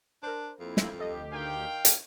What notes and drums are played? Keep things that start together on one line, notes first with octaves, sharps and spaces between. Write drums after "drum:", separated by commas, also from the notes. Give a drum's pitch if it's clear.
D4 A#4 C5
F2 A#3 C4 E4
drum: snare
D2 G4 A4 D#5
D#3 F5 G5
drum: hi-hat